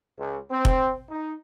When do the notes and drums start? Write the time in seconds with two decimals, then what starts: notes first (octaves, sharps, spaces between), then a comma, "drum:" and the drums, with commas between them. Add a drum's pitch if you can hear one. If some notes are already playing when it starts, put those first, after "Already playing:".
0.18 C#2
0.50 C4
0.65 drum: kick F1
1.09 D#4